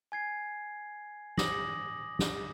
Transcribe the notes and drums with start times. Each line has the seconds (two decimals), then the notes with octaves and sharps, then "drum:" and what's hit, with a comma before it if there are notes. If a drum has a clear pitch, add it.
0.12 G#5 G#6 C7
1.37 D6 D#6 A#6 F#7, drum: snare
2.19 drum: snare